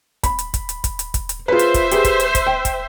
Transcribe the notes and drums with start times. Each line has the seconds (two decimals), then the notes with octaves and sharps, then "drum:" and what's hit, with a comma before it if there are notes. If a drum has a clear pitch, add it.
0.23 B5, drum: kick, hi-hat
0.39 drum: hi-hat
0.54 drum: kick, hi-hat
0.69 drum: hi-hat
0.84 drum: kick, hi-hat
0.99 drum: hi-hat
1.14 drum: kick, hi-hat
1.29 drum: hi-hat
1.48 F4 G#4 B4 C5 E5
1.59 drum: hi-hat
1.74 drum: kick, hi-hat
1.91 G4 G#4 B4, drum: hi-hat
2.05 drum: kick, hi-hat
2.20 drum: hi-hat
2.35 drum: kick, hi-hat
2.47 G5
2.65 drum: kick, hi-hat